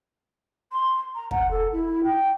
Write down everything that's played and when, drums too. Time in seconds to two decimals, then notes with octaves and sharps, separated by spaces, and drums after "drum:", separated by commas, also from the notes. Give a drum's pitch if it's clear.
0.73 C6
1.15 A#5
1.31 F#5, drum: kick
1.51 A4
1.72 E4
2.04 G5